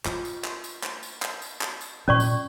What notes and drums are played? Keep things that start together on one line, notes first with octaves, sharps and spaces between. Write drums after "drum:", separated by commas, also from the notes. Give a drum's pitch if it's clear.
F4, drum: clap
drum: tambourine
drum: clap
drum: tambourine
drum: clap
drum: tambourine
drum: clap
drum: tambourine
drum: clap
drum: tambourine
A#2 C#4 D5 C#6
drum: tambourine